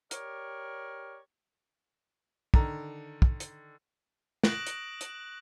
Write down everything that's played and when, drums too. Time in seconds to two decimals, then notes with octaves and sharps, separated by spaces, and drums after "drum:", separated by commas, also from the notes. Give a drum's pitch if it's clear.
0.11 G4 A#4 C#5 D5, drum: hi-hat
2.54 D3 D#3 A#5, drum: kick
3.22 drum: kick
3.40 drum: hi-hat
4.44 C#6 D#6 F#6 A#6 D7 F#7, drum: snare
4.67 drum: hi-hat
5.01 drum: hi-hat